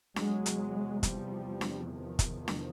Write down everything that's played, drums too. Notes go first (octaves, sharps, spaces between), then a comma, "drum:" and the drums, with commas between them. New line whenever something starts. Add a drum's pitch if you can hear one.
E2 C3 F#3 G#3, drum: snare D4
drum: hi-hat
F3 G3, drum: kick, hi-hat
drum: snare D4
D#3 F3
drum: kick, hi-hat
drum: snare D4